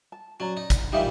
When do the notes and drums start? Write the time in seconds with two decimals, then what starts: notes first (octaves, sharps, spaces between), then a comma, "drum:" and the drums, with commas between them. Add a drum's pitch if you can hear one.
0.12 A5
0.40 F#3 C#4 D5 A#5
0.57 D#4
0.70 drum: kick, hi-hat
0.93 A#2 E3 G3 D#4 E5 F5